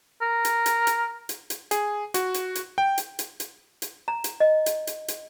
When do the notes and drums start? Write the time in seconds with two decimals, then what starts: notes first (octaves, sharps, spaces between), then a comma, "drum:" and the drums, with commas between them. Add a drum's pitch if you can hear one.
0.22 A#4
0.45 drum: hi-hat
0.66 drum: hi-hat
0.87 drum: hi-hat
1.29 drum: hi-hat
1.50 drum: hi-hat
1.71 G#4, drum: hi-hat
2.14 F#4, drum: hi-hat
2.34 drum: hi-hat
2.55 drum: hi-hat
2.78 G5
2.98 drum: hi-hat
3.19 drum: hi-hat
3.40 drum: hi-hat
3.82 drum: hi-hat
4.08 A#5
4.24 drum: hi-hat
4.40 D#5
4.66 drum: hi-hat
4.87 drum: hi-hat
5.08 drum: hi-hat